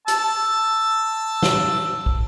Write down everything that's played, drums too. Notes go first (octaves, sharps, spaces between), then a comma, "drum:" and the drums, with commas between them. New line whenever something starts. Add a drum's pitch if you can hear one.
A5 E6, drum: hi-hat
drum: snare
drum: kick